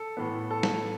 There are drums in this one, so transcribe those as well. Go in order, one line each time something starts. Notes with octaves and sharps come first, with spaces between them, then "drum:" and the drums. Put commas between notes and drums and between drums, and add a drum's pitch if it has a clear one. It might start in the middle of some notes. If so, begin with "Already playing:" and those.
Already playing: A4
A2 E3 B3
A4
drum: snare